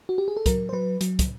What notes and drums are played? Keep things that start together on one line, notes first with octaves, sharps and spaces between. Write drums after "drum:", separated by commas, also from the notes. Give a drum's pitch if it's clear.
F#4
G4
G#4
A4
F#3 A#4, drum: kick, hi-hat
C5
F#3 B4
F#3, drum: hi-hat
drum: kick, hi-hat